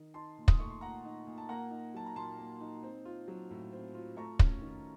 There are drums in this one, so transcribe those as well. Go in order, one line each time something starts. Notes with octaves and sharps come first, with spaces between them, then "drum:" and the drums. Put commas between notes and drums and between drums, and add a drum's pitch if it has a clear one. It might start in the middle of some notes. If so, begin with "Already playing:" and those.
Already playing: D#3
D#4 A5 C6
A#2
D#6, drum: kick
A3 C#6
C6
A#2 F#5 A#5
D#4
A#2
A5
A#3 F#5 A#5
D#4
F#3 A5
A#5
A#2 A5 C6
A#3
D#4
C4
F4
F#3
A2
C4
F4
A3 A#5 C#6
C#4, drum: kick
D#3